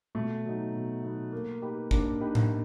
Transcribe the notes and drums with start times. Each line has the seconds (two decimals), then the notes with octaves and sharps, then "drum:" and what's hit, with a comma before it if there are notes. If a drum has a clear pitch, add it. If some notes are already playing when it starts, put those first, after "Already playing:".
0.15 B2 A3
0.44 F#3 B3 D#4
0.73 B2
1.03 F#3 B3 D#4
1.32 A#3
1.62 D#4 G4 B4
1.91 A#3 D4, drum: kick
2.21 D#4 G4 B4
2.35 drum: tom A2